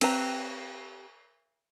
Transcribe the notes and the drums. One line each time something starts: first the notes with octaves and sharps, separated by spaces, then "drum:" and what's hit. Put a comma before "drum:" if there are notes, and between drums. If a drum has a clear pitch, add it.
C4 G4 B4 A#5, drum: cymbal